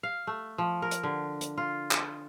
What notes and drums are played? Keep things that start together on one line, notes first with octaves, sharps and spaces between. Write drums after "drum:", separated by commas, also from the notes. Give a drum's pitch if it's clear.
F5
A3
F3
A#4
drum: hi-hat
D3
drum: hi-hat
F4
drum: clap